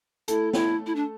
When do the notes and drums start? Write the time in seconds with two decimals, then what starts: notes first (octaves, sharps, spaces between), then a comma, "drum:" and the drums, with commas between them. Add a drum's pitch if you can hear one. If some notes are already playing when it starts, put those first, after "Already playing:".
0.28 A3 E4 A4, drum: hi-hat
0.53 E4, drum: snare
0.87 E4
0.96 D4